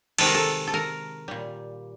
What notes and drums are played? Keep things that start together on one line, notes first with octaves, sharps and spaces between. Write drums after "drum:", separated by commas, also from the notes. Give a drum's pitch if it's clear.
C3 D#3 G#3 A4, drum: cymbal
A#4
A4
A4
A#4
A#2 G3